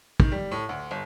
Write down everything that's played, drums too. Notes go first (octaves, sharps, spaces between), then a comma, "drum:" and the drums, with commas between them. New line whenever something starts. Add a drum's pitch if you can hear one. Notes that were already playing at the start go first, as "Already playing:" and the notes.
D#3, drum: kick
G3
A2
D2
G1